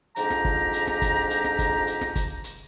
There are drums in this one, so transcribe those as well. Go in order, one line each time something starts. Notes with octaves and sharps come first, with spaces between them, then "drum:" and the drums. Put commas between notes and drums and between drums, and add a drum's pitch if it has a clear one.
F2 G#2 F3 D4 G4 A#5, drum: hi-hat
drum: snare
drum: kick
drum: hi-hat
drum: snare
drum: kick, hi-hat
drum: hi-hat
drum: snare
drum: kick, hi-hat
drum: hi-hat
drum: snare
drum: kick, hi-hat
drum: hi-hat